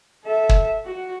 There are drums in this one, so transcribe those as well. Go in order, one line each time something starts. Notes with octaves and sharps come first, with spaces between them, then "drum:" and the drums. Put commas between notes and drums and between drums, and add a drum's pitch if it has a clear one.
A4 E5
drum: kick
F#4 F#5